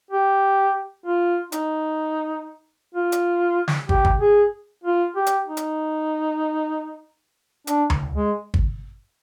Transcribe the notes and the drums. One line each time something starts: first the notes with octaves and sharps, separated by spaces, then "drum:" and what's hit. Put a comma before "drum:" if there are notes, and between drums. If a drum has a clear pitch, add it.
G4
F4
D#4, drum: hi-hat
F4
drum: hi-hat
drum: snare
G4, drum: kick
drum: kick
G#4
F4
G4
drum: hi-hat
D#4
drum: hi-hat
D4, drum: hi-hat
drum: tom D2
G#3
drum: kick